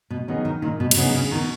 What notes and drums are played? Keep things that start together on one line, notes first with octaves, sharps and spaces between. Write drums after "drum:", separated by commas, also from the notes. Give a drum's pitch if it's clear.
B2
D#3 F#3 B3 D#4 G#4
D#3
A#2 D#3
B2
B2, drum: cymbal
C#3 F#3 B3 D#4 G#4
C#3
B2 D#3